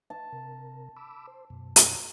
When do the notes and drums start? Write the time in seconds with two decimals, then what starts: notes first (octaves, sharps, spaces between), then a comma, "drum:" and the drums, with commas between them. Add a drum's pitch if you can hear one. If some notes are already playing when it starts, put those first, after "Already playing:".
0.10 A5
0.33 C3 A#4
0.97 B5 D6 E6
1.27 C5
1.50 F#2 B2
1.76 drum: hi-hat